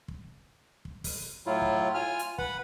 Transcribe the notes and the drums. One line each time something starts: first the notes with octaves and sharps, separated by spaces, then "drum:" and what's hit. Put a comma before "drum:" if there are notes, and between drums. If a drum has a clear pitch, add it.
drum: kick
drum: kick
drum: kick, open hi-hat
A2 F#3 E4 F4
drum: kick
F4 G#5 F6
drum: hi-hat
B4 F#5 B5, drum: kick